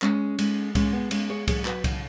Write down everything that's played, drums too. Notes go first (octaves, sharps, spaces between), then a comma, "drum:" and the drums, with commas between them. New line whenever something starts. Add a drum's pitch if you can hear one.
G#3 C#4, drum: clap
G#3, drum: cymbal
G#3 C#4, drum: kick C2, cymbal
B3
G#3 C#4, drum: cymbal
G#4 C#5
F#3 G#4 C#5, drum: kick C2, cymbal
F#4 B4, drum: clap
C#3, drum: kick C2, cymbal